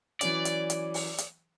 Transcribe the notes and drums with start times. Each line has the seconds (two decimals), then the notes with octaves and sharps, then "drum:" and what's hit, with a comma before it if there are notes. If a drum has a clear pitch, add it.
0.21 E3 F#3 C#4 D5, drum: hi-hat
0.45 drum: hi-hat
0.70 drum: hi-hat
0.94 drum: open hi-hat
1.18 drum: hi-hat